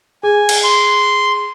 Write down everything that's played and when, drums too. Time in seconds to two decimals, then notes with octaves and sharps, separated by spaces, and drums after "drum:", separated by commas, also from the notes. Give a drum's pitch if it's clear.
0.23 G#4 G#5
0.49 drum: cymbal
0.64 C6